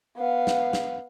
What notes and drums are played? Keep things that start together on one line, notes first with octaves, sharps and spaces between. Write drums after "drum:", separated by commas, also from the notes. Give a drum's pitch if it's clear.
B3 F5
drum: snare
drum: snare